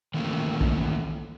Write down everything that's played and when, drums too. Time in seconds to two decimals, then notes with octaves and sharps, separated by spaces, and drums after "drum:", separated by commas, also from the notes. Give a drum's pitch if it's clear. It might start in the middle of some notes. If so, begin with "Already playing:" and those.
0.14 D#3 E3 A3 A#3 C#4
0.61 drum: kick